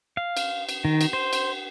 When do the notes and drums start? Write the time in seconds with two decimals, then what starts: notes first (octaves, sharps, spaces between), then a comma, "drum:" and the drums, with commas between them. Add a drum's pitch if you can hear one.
0.17 F5
0.37 drum: cymbal
0.69 drum: cymbal
0.85 D#3
1.01 drum: cymbal
1.13 C5
1.33 drum: cymbal